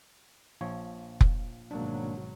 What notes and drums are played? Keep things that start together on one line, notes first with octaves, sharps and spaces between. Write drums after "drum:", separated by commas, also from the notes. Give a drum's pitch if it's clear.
A#1 F3 C#5
drum: kick F1
G#1 B2 F#3 A#3 D4